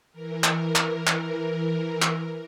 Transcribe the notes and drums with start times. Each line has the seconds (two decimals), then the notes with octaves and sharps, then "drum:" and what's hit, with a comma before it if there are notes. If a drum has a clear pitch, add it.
0.12 E3 A#4
0.44 drum: clap
0.75 drum: clap
1.07 drum: clap
2.02 drum: clap